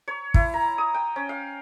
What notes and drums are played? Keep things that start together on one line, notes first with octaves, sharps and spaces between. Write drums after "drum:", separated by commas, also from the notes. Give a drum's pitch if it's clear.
C#5
E4, drum: kick
A#5
D#6
G5
C#4
F5